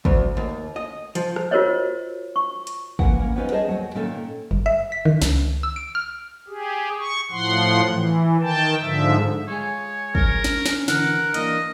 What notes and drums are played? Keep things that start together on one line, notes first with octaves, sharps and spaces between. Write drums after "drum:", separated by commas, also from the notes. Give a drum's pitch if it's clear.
D2, drum: kick
D#2
D#5
F3, drum: hi-hat
drum: rim click
F4 F#4 A#4 C5 C#5 D#5
C#6
drum: hi-hat
E3 A#3 A#4 F#5, drum: kick
E3 A#3 C#4
B3 C#4 D#4 F4 B4 C5
G#4 C5 C#5 D#5 A5
D#2 F#3
A#2 D#3 A#3 C#4 A4
G1
E5
B6
D#3
C#2, drum: snare
E6
D7
F6
G4 G#4
C#6
A2 F3 F#5 C6
E3
D#3 G5 A5
G#2 D3 F3 E5
G#3 F4 G#4 C#5
A#4, drum: kick
drum: snare
C#4, drum: snare
D3 E3 A#4 F#5, drum: snare
E3 A#3 D4 D#5, drum: hi-hat